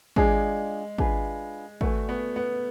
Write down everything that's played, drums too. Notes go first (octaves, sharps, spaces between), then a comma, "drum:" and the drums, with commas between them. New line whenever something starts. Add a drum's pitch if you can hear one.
G#3 D4 F4 G#4 D5, drum: kick
D4 F4 G#4 B4, drum: kick
A3 F#4 B4 D5 G#5, drum: kick
B3
B3